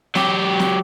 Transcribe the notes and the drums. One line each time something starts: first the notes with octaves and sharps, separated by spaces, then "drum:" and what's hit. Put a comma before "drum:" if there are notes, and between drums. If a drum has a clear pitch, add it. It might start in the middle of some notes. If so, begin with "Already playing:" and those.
F#3 G4, drum: snare
drum: snare